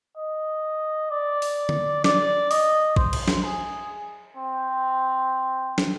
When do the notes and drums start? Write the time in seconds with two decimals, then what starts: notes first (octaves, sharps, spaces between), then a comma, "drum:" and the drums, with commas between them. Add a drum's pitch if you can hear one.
0.17 D#5
1.11 D5
1.42 drum: open hi-hat
1.69 drum: tom D3
2.04 D5, drum: snare
2.51 D#5, drum: open hi-hat
2.96 C5, drum: kick A#1
3.13 drum: cymbal
3.28 drum: snare
3.44 G#4
4.37 C4
5.78 drum: snare